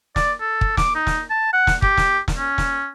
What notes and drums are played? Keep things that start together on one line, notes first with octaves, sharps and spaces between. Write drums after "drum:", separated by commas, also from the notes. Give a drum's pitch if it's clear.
D5, drum: snare
A4
drum: kick
D6, drum: snare
D#4
drum: snare
A5
F#5
drum: snare
G4, drum: kick
drum: snare
drum: snare
C#4
drum: snare